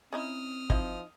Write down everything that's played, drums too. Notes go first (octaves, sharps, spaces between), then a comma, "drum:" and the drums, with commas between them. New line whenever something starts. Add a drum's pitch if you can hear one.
C4 C#4 D#4 E4 D#6 F6
F3 D#4 E4 D#5, drum: kick